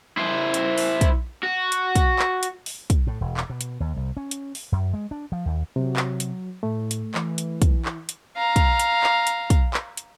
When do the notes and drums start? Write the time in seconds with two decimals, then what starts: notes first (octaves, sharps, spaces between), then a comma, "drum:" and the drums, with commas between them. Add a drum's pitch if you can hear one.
0.17 E4 C5
0.54 drum: hi-hat
0.78 drum: open hi-hat
1.01 drum: kick, hi-hat
1.43 F#4
1.72 drum: hi-hat
1.95 drum: kick, hi-hat
2.19 drum: clap
2.43 drum: hi-hat
2.66 drum: open hi-hat
2.90 drum: kick, hi-hat
3.07 A2
3.21 E1
3.37 drum: clap
3.50 B2
3.61 drum: hi-hat
3.80 D#2
3.97 C2
4.17 C#4
4.31 drum: hi-hat
4.55 drum: open hi-hat
4.72 F#2
4.94 G#3
5.11 D4
5.32 F3
5.46 D#2
5.76 C3 F#3
5.96 drum: clap
6.20 drum: hi-hat
6.63 A2 A3
6.91 drum: hi-hat
7.14 E3, drum: clap
7.38 drum: hi-hat
7.62 drum: kick, hi-hat
7.85 drum: clap
8.09 drum: hi-hat
8.37 F5 A#5
8.56 drum: kick, hi-hat
8.79 drum: hi-hat
9.03 drum: clap
9.27 drum: hi-hat
9.50 drum: kick, hi-hat
9.74 drum: clap
9.97 drum: hi-hat